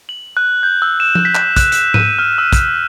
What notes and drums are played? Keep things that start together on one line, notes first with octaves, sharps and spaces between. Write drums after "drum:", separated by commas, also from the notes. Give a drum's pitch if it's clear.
F#7
F#6
G6
E6
E7
drum: tom F3
B6
drum: clap
F#6, drum: kick, hi-hat
E7, drum: hi-hat
D#7, drum: tom G#2
F6
E6
D#7, drum: kick, hi-hat